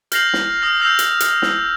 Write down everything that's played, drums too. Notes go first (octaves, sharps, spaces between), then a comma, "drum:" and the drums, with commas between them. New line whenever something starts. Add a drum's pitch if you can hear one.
F6 G6 A#6 C7 F7 F#7, drum: hi-hat
drum: snare
D#6 F6 A#6
E6 F6 G6 A#6 C7 F7
drum: hi-hat
drum: hi-hat
drum: snare